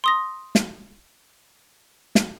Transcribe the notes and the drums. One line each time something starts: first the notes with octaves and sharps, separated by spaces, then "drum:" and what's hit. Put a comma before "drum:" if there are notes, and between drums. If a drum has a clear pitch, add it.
C6 D#6 A#6
drum: snare
drum: snare